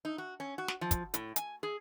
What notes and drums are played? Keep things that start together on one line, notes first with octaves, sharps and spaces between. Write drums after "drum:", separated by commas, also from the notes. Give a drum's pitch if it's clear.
D#4
F#4
C#4
F#4
drum: snare
F3
drum: kick, hi-hat
A2, drum: hi-hat
G#5, drum: hi-hat
G#4